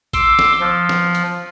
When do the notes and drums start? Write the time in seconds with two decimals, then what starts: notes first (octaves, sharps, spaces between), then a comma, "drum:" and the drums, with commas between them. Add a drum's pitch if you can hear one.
0.13 C6 D6 E6, drum: kick A#1, hi-hat
0.39 drum: snare
0.60 F3
0.89 drum: snare
1.15 drum: hi-hat